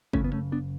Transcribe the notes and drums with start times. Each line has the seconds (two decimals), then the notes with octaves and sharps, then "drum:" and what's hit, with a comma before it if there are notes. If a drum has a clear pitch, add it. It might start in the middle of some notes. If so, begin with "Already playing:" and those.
0.13 F#1 E2 C#3 A3 C#4, drum: kick G1
0.24 B3
0.32 A3 C#4
0.52 B3 D4